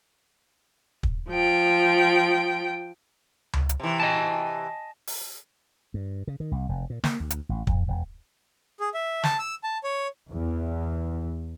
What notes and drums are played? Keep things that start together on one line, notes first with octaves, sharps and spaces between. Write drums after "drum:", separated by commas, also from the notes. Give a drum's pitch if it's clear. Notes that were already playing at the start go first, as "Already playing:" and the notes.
drum: kick
F3 G5
drum: tom C#2
drum: hi-hat
C3 E3
D#5 G#5 A5
drum: open hi-hat
G2
C#3
D#3
C2
F1
A#2
A#3, drum: snare
D2
drum: hi-hat
A1
F2, drum: kick
E1
G#4
E5
A5, drum: snare
E6
A5
C#5
E2